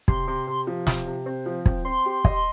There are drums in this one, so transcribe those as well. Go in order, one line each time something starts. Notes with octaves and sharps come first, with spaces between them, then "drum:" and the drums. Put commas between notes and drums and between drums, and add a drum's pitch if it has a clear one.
C3 C6, drum: kick
C3
C3
F3
C3, drum: snare
C3
C4
F3
C4, drum: kick
C4 C6
G4
D#5, drum: kick